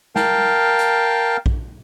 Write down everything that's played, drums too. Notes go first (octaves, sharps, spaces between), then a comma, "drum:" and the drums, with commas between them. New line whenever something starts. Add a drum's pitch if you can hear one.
A#4 F5 G5 A5, drum: snare
drum: hi-hat
drum: kick A#1